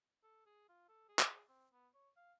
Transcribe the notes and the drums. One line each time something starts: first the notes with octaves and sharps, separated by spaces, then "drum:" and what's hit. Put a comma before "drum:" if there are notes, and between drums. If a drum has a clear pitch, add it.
A4
G#4
F4
A4
G#4
drum: clap
C4
B3
C#5
F5